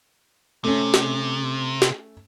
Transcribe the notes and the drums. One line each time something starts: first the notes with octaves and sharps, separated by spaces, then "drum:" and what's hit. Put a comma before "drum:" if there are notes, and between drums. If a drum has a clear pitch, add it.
C3 A3 C#4
drum: snare
drum: snare